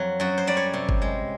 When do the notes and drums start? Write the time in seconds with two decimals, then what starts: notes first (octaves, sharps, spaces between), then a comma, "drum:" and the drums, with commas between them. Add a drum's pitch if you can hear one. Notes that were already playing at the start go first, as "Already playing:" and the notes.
Already playing: F2 F#3
0.20 F#2 F#4
0.38 C5
0.47 G3 D5
0.57 C#5
0.74 C3
0.89 drum: kick G1
1.02 G#3